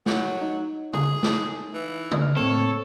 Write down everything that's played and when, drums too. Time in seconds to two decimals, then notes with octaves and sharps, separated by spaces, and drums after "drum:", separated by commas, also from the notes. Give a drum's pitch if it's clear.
0.06 F#3, drum: snare
0.41 D#4
0.93 G#4, drum: tom
1.23 drum: snare
1.74 E3
2.11 drum: tom
2.22 F6
2.37 A2 A#3 C4 A4 C#5